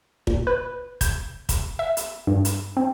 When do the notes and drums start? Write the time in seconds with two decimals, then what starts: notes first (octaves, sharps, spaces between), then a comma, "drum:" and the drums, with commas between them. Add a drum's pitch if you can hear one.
0.27 A#2, drum: kick
0.47 B4
1.01 G6, drum: kick, hi-hat
1.49 drum: kick, hi-hat
1.79 E5
1.97 drum: hi-hat
2.27 G2
2.45 drum: hi-hat
2.77 C4